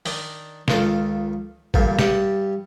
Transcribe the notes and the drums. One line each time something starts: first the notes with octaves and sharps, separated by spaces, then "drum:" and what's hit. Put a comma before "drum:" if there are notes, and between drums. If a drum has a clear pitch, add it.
D#3 D4, drum: open hi-hat
C#2 D#3 F4 A4, drum: snare
E2 G2 A#2 D3, drum: kick G#1
G2 G3 F#5 G5, drum: snare